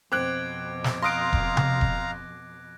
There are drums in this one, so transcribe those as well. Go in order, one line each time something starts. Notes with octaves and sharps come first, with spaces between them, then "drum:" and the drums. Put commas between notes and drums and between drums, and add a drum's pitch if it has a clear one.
F2 B2 C4 D6 F#6 G#6 D7
drum: snare
F5 A#5 C6 D#6 F#6 A#6 D7
drum: kick E1
drum: tom C3
drum: kick E1